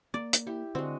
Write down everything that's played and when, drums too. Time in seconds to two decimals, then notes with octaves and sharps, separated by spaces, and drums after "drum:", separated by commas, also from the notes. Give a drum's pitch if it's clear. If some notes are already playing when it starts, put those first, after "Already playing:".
0.14 A#3 D5
0.33 drum: hi-hat
0.47 E4 G4
0.75 D3 G#3 C4 F#4